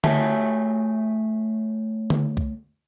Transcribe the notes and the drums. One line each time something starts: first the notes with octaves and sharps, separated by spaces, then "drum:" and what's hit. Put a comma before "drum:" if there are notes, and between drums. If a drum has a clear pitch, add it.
A3 F#4 C#5 E5 G#5 A5, drum: tom D3
drum: tom D3
drum: kick C2